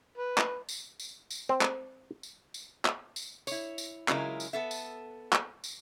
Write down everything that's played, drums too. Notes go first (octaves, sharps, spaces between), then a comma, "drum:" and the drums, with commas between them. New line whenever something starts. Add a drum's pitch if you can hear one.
B4
drum: clap
drum: tambourine
drum: tambourine
drum: tambourine
C4
drum: clap
drum: tambourine
drum: tambourine
drum: clap
drum: tambourine
E4 C#5, drum: tambourine
drum: tambourine
C#3 F#3 G#3 E4 F4 A#4, drum: clap
drum: tambourine
B3 A4 E5
drum: tambourine
drum: clap
drum: tambourine